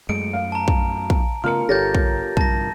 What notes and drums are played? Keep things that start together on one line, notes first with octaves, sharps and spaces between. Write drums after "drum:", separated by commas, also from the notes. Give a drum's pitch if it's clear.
F#2 G#3 A3 C#7 D7
F5
A5 A#5
drum: kick
drum: kick
C#3 A3 B3 F4 A#4 F6 C#7
G1 G4 A4 C#5 G6 A6 A#6
drum: kick
G1 C2 G2 A5 A#6, drum: kick